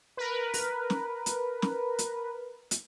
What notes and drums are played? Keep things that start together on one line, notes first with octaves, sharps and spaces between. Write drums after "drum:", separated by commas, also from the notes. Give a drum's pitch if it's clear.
A#4 B4
drum: open hi-hat
drum: snare
drum: hi-hat
drum: snare
drum: hi-hat
drum: hi-hat